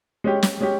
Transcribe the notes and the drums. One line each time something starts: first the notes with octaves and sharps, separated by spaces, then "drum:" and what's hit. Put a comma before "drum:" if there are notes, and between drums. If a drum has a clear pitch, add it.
G#3 C#4 G4
drum: snare
G#3 C#4 G4